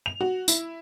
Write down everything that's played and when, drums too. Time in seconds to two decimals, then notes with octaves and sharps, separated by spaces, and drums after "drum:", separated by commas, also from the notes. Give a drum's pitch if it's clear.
0.06 F7
0.21 F#4
0.48 E4, drum: tambourine